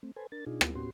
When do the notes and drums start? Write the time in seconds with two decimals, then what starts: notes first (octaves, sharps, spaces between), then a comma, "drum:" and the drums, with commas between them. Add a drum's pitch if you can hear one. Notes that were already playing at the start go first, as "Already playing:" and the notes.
0.03 A3 C4
0.16 A4 B4 C5 G#5
0.32 D4 A#4 A6
0.46 B2 D4 D#4 F4 G#4
0.61 A#3 B3 F4, drum: rim click
0.75 A2 B3 C#4 F#4 G4 C6